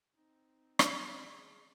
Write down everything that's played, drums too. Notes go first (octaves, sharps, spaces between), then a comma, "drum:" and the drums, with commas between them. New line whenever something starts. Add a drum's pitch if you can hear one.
C4 D#4
drum: rim click
A#3 G#4